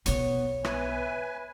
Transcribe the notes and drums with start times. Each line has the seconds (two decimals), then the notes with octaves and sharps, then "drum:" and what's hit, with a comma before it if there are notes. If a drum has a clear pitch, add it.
0.06 B1 B2 B3 C#5, drum: hi-hat
0.64 B4 E5 G#5, drum: rim click